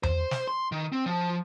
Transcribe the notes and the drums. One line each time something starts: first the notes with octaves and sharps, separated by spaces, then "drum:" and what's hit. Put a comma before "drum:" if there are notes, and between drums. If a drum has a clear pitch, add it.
C5, drum: tom E2
drum: snare
C6
D#3
C4
F3